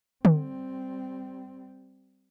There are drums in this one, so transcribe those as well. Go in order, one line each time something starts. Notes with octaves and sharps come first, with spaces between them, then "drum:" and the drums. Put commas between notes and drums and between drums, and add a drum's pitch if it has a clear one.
G3 C4, drum: tom D3